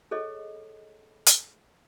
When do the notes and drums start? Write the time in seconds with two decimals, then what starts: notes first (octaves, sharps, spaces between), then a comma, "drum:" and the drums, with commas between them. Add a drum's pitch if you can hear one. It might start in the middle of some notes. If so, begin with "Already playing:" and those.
0.11 G#4 A4 C#5 D#5
1.26 drum: hi-hat